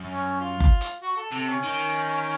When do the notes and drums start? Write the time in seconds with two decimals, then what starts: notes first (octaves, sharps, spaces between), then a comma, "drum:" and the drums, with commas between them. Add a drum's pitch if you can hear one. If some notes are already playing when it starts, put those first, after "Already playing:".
Already playing: F#2
0.09 C#4
0.40 F4
0.60 drum: kick F#1
0.81 drum: hi-hat
1.02 F#4
1.17 A4
1.32 C3 A4
1.48 C#4
1.64 D#3